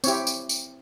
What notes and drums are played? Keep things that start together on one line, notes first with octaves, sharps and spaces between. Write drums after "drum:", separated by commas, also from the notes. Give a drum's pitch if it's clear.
C4 E4 G4 C#5, drum: tambourine
drum: tambourine
drum: tambourine